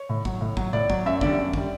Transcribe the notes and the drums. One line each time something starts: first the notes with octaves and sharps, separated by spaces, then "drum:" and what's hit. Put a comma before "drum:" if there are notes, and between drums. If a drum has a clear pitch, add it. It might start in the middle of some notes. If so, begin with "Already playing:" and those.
Already playing: C#5
A2
F#3, drum: kick
A2
F#3, drum: kick
A2 D5
F#3, drum: kick
F#2 E5
D3 G3 D5, drum: kick
F#2
D3 G3, drum: kick